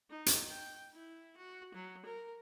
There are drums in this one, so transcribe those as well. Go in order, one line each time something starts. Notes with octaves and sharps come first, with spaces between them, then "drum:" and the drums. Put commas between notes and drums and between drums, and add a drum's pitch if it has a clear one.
D#4
drum: hi-hat
G5
E4
F#4
F#3
A#4